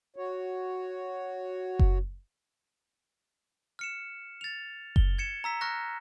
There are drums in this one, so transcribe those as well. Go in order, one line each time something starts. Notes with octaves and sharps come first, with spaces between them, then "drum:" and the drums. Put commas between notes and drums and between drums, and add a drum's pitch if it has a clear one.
F#4 C#5
drum: kick F#1
F6 C#7 E7
A6 F7
G7, drum: kick F#1
G#6 C#7 E7
A#5 E6 B6
C#6 F6 F#6 A#6